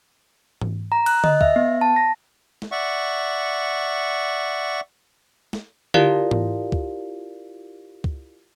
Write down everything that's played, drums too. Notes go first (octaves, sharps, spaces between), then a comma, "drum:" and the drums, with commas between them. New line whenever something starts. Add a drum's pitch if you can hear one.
drum: tom G#2
A#5
F#6, drum: cymbal
D#5, drum: tom D3
E5, drum: kick C#2
B3
A5
A#6
drum: snare
D5 E5 F#5 C#6
drum: snare
E4 F4 G4 A#4 D5 F5, drum: tom D3
drum: tom G#2
drum: kick C#2
drum: kick C#2